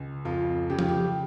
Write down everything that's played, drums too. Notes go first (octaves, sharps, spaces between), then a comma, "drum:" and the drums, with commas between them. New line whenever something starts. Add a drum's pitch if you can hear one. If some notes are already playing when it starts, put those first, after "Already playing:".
Already playing: C#2
F2 F4
C#3 G4
F4, drum: tom F3
G4